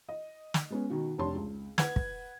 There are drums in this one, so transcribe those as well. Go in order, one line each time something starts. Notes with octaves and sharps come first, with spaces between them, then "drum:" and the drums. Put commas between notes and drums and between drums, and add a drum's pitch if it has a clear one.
D#5
drum: snare
G#3 B3 C#4
B2 D#3 F#4
F1 D4 G4 C#5 A5 C6
C#2
B4 F#5 G#6, drum: snare
drum: kick